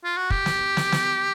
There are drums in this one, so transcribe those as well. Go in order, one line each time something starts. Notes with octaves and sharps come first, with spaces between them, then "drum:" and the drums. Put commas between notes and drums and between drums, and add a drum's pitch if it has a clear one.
F4
F#4
G4, drum: kick
drum: snare
drum: snare
drum: snare